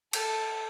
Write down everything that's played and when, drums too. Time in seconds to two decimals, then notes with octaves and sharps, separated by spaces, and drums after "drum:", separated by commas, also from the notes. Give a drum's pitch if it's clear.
0.13 A4, drum: cymbal